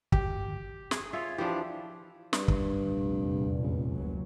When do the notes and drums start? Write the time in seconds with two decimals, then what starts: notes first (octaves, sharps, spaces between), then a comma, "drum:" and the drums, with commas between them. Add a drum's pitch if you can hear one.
0.12 G4, drum: kick
0.91 G#4, drum: snare
1.13 F4 C#5 E5
1.38 E3 F3 D4 G4
2.33 G2, drum: snare
2.48 drum: kick
2.87 F1 A#1 E2
3.62 C#2
3.94 F#1 D2 F#3